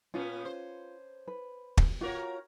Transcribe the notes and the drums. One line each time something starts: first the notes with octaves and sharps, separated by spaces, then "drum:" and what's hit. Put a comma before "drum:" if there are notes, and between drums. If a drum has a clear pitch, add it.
A#2 B3 C#4 F4
C5
B4
drum: kick
F4 F#4 A#4 C#5